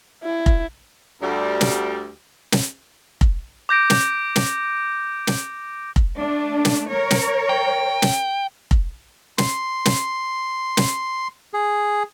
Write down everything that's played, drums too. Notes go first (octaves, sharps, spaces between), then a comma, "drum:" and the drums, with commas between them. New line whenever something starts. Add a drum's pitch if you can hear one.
E4
drum: kick F1
D2 G3
drum: snare
drum: snare
drum: kick F1
D6 G6 A#6 D7
drum: snare
drum: snare
drum: snare
drum: kick F1
A3 D4
drum: snare
A#4 C#5
drum: snare
G5
drum: snare
drum: kick F1
C6, drum: snare
drum: snare
drum: snare
G#4